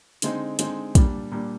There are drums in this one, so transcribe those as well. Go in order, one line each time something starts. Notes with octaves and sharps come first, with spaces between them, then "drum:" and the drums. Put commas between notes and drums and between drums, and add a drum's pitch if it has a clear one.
D3 G#3 C4 D#4, drum: hi-hat
D3 G#3 C4 D#4, drum: hi-hat
A#2 G3 D4, drum: kick, hi-hat
A#2 G3 D4